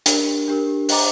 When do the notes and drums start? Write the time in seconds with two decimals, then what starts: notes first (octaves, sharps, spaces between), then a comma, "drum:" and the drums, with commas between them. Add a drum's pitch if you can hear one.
0.06 D4 G4 A#4, drum: hi-hat
0.48 D4 G4 A#4
0.89 C5 D#5 G5 A#5 D6, drum: open hi-hat